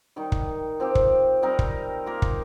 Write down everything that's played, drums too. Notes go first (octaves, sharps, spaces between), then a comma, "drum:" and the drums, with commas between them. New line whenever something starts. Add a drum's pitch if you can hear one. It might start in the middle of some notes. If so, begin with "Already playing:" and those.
D#3 G3 D#4
drum: kick
F3 C4 G4
drum: kick
G3 C4 D#4 A#4
drum: kick
A#3 F4 A#4
drum: kick